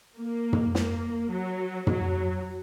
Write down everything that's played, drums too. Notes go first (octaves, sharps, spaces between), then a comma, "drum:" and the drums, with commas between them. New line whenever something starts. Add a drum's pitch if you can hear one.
A#3
drum: tom
A#3, drum: snare
F#3
F#3, drum: tom